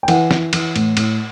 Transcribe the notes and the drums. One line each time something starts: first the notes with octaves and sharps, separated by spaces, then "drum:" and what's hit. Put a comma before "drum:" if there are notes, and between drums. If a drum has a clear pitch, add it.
G5
E3 F#5, drum: cymbal
E3, drum: snare
E3, drum: cymbal
A2, drum: cymbal
A2, drum: cymbal